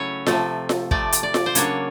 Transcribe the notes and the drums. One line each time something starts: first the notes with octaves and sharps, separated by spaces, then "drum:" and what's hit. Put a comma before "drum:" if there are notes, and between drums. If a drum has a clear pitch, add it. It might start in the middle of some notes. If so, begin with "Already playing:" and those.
Already playing: C#3 F#3 A3 C#4 E4 C#5
C3 F3 A3, drum: snare F4
drum: snare F4
C3 F3 A3 D5, drum: kick
drum: hi-hat
D5
drum: snare F4
C5
C#3 F#3 A#3 D4 C#5, drum: hi-hat